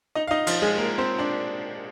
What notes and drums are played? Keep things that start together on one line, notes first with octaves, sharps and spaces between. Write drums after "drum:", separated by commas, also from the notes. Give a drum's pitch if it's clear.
D#4 D#5
F5
D#4 D#5
F3 F4, drum: cymbal
G#3 G#4
A#3 A#4
C4 C5
D4 D5